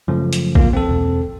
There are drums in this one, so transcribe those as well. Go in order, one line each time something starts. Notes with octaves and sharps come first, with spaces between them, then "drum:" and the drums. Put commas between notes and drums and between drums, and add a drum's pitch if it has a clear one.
F#2 C#3 F3 A3
drum: hi-hat
A#3 F4, drum: kick A#1
C4 A4
E1